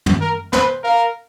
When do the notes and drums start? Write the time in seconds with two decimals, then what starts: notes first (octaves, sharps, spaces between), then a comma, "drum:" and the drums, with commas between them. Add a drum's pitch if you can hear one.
0.06 drum: tom
0.21 A#4
0.53 B4 C5, drum: snare
0.84 A#4 F5